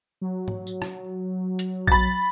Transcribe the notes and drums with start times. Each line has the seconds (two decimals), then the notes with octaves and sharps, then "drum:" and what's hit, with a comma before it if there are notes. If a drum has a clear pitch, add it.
0.21 F#3
0.48 drum: tom G#2
0.67 drum: tambourine
0.82 drum: rim click
1.59 drum: hi-hat
1.87 B5 A6, drum: kick A#1